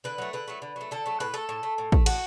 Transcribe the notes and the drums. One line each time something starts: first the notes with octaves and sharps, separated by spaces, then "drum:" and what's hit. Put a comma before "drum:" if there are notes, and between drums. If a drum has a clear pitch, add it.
D3 B4
F#3 A3
D3 B4
F#3 A3
D3
F#3 A3
D3 A4
F#3 A3
A2 B4
A3 A4
A2
A3
A2
A3, drum: kick
A2 F#4, drum: cymbal